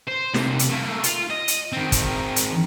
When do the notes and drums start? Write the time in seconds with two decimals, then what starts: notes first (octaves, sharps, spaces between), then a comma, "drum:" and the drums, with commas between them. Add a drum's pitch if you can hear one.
0.08 C5
0.34 C3 A#3, drum: snare
0.59 drum: hi-hat
0.70 A3 A#3
1.04 F4, drum: hi-hat
1.31 D#5
1.48 drum: hi-hat
1.73 D#3 C4
1.92 drum: kick, hi-hat
2.36 drum: hi-hat